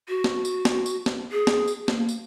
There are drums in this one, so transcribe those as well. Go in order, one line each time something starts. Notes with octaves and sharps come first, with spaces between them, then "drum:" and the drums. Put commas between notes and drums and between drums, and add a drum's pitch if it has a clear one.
F#4
drum: snare
drum: tambourine
drum: snare
drum: tambourine
drum: snare
G#4
drum: snare
drum: tambourine
A#3, drum: snare
drum: tambourine